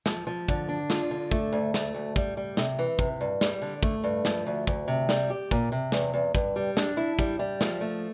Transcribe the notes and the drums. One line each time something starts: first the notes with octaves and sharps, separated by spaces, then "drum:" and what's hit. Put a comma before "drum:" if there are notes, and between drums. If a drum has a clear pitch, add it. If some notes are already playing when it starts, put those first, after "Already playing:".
F3, drum: snare
F3
D3, drum: kick
D4
F4, drum: snare
D3
A3, drum: kick
D2
A3, drum: snare
D2
G3, drum: kick
G3
C3, drum: snare
E3
C3, drum: kick
G2
G3, drum: snare
D3
A3, drum: kick
G2
F3, drum: snare
D2
D2, drum: kick
C3
G3, drum: snare
G4
A#2, drum: kick
C3
E2, drum: snare
E2
G2, drum: kick
G3
D4, drum: snare
E4
G3, drum: kick
G3
F3, drum: snare
A3